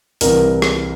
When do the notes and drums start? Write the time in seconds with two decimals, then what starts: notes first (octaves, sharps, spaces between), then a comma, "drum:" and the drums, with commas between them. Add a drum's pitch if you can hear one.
0.21 C2 C3 E3 A#4, drum: hi-hat
0.62 drum: rim click